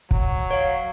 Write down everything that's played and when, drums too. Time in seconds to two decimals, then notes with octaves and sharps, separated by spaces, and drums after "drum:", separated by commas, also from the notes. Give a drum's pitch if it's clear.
0.11 F#3, drum: kick
0.51 C#5 F5